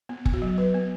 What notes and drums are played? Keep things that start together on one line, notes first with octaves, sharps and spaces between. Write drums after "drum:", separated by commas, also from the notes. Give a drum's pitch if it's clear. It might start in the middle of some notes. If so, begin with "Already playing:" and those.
B3
B3, drum: kick F#1
F#4
F#3
F#3 B4
B3